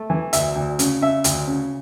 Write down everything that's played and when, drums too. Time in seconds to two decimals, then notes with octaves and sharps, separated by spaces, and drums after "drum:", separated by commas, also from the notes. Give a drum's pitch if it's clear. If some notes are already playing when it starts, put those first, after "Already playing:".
Already playing: A3
0.10 E3
0.33 D2 E5, drum: hi-hat
0.55 D2
0.79 C#3, drum: hi-hat
1.01 C#3 E5
1.24 D2, drum: hi-hat
1.47 C#3